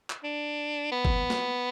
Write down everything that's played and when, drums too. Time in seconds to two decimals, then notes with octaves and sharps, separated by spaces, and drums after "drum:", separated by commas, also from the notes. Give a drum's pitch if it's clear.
0.10 drum: clap
0.23 D4
0.92 B3
1.05 drum: kick G1
1.30 drum: snare